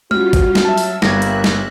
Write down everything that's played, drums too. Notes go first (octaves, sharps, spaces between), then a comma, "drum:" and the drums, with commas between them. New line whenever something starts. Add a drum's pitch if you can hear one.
G3 C#4 F4 F#4 F6, drum: tom G#3
drum: kick, hi-hat
drum: snare
F#3 E5 A5 E6
drum: open hi-hat
G1 G3 A#3 E5 F#6 G#6 A#6, drum: snare
drum: hi-hat
drum: snare